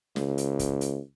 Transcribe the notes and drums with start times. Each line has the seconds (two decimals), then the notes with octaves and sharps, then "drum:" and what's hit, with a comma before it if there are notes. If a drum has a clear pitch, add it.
0.16 C#2, drum: snare
0.38 drum: hi-hat
0.59 drum: kick, hi-hat
0.81 drum: hi-hat